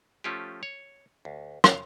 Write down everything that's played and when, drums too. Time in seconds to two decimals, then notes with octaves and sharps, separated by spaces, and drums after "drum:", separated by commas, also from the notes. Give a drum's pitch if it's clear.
0.24 F3 A3 C#4 F4 G4
0.63 C#5
1.25 D2
1.64 F5, drum: rim click